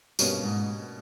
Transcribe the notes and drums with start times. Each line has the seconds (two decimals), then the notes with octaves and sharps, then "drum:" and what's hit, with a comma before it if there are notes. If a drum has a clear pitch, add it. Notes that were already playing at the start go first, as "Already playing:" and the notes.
0.19 G2 B2 G3 A#3 C#4, drum: tambourine
0.43 G#2